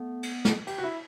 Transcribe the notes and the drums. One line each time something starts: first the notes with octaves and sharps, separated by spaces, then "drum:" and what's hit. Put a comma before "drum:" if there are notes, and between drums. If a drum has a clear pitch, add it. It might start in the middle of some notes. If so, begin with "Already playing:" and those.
Already playing: A3 B3
drum: cymbal
drum: snare
G4, drum: cymbal
F#4
E4